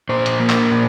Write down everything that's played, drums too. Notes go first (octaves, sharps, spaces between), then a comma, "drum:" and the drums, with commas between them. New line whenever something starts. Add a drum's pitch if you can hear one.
A#2 C5
drum: hi-hat
A#3
drum: clap
A#2